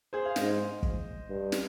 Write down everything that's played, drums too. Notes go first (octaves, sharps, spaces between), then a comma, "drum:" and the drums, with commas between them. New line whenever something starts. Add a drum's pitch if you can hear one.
G#4 C5
F5
G#2 C5 D#5, drum: snare
drum: kick
G2
drum: snare